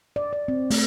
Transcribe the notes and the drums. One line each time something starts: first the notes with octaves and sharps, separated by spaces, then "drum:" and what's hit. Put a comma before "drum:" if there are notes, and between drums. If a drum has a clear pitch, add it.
D5
D5
C4
A3, drum: open hi-hat